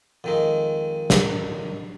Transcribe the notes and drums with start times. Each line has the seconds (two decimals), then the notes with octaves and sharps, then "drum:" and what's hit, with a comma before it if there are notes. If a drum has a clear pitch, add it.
0.24 F2 D#3 G#3
1.10 drum: snare